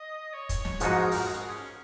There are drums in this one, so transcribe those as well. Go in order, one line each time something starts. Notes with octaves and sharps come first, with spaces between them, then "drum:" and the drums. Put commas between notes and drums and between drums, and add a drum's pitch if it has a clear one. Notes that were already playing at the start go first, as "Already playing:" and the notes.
Already playing: D#5
C#5
drum: kick, hi-hat
drum: snare
G#2 F3 G#3 D#4 F#4 B4, drum: hi-hat
A#4
A#4, drum: open hi-hat
G#4
C#4